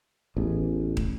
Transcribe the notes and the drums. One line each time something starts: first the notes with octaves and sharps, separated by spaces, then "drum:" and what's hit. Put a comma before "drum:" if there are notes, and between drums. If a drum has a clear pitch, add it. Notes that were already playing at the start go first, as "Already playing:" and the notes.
A1 E2
drum: kick